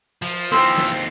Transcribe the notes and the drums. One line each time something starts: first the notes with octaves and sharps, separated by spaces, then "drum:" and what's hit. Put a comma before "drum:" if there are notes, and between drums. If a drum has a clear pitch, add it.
F3, drum: cymbal
D#2 E3 C4 C5 G5 E6
drum: snare